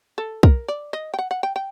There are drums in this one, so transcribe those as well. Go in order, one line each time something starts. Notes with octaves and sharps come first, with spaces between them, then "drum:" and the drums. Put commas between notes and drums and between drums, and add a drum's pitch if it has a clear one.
A4
A#4, drum: kick
D5
D#5
G5
F#5
F#5
G5
G5